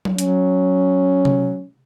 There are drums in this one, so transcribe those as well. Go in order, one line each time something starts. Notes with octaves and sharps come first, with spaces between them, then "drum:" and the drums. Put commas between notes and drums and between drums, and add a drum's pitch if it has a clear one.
drum: tom F#3
F#3 C#4, drum: hi-hat
drum: tom C3